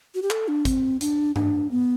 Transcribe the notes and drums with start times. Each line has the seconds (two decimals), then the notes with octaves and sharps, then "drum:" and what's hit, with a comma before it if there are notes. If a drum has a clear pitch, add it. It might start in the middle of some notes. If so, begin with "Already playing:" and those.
0.15 F#4
0.22 G4
0.30 A4, drum: clap
0.48 D4
0.65 C4, drum: kick, hi-hat
1.01 D4, drum: hi-hat
1.36 D4, drum: tom G2
1.71 B3